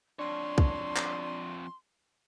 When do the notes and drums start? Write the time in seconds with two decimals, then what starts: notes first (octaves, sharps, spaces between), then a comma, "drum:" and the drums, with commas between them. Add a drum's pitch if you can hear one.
0.19 F2 D4 C#5 C6
0.58 drum: kick
0.96 drum: clap